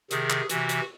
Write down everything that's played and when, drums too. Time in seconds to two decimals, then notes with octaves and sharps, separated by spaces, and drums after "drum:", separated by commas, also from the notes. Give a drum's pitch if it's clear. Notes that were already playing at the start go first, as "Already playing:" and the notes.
0.11 C3 D#3 G#4, drum: hi-hat
0.30 drum: clap
0.50 C3 E3 F#4, drum: hi-hat
0.69 drum: hi-hat